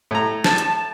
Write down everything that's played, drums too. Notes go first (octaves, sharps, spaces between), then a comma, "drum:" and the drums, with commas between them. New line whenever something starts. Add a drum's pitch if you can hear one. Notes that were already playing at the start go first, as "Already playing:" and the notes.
A2 A#5
A5, drum: snare
drum: hi-hat